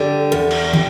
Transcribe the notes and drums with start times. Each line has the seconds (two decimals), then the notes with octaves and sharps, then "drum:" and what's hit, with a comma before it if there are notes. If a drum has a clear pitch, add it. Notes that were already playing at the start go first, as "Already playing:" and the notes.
Already playing: D3 G3
0.32 E2
0.51 drum: cymbal
0.73 C3, drum: tom